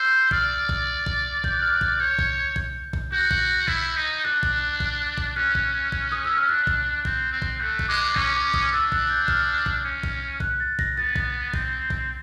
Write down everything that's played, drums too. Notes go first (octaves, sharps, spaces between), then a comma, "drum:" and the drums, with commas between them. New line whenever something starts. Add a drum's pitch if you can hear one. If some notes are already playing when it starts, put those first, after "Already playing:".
Already playing: C5 E6
D5 F6, drum: kick A#1
drum: kick A#1
drum: kick A#1
G6, drum: kick A#1
F#6
F6
F#6
drum: kick A#1
C#5 G6
drum: kick A#1
drum: kick A#1
drum: kick A#1
F#4 G6
drum: kick A#1
E4, drum: kick A#1
D#4
D4 F#6
drum: kick A#1
drum: kick A#1
drum: kick A#1
C#4 F#6
drum: kick A#1
drum: kick A#1
D#6
E6
F6
D4 F#6
drum: kick A#1
C4, drum: kick A#1
C4
drum: kick A#1
A3 F#6
drum: kick A#1
G#3 D6
C#4 C#6, drum: kick A#1
D6
D#6, drum: kick A#1
D4 E6
F#6, drum: kick A#1
G6
F6, drum: kick A#1
drum: kick A#1
C#4
drum: kick A#1
F#6, drum: kick A#1
A6
A#6, drum: kick A#1
B3 A6
drum: kick A#1
C4, drum: kick A#1
drum: kick A#1